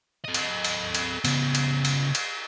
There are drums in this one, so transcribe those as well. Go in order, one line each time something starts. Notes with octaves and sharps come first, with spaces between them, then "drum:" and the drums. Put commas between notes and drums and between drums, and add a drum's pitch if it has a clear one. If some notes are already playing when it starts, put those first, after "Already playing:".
A4 D#5
drum: cymbal
drum: cymbal
drum: cymbal
C#3 B3, drum: cymbal
drum: cymbal
drum: cymbal
drum: cymbal